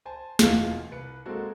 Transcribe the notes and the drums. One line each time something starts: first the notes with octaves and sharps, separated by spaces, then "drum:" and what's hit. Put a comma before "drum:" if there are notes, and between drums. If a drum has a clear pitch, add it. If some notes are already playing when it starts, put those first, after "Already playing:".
C5 G#5 A5
E1 E2 F4 F5 C7 C#7, drum: snare
C2 B4 C#7
G#3 A#3 C4 F#4 A4